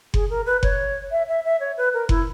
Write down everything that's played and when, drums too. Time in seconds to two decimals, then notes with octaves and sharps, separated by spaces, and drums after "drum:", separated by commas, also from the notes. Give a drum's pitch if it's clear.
0.14 G#4, drum: kick F#1
0.30 A#4
0.46 B4
0.63 C#5, drum: kick F#1
1.11 E5
1.29 E5
1.45 E5
1.60 C#5
1.77 B4
1.94 A#4
2.09 E4, drum: kick F#1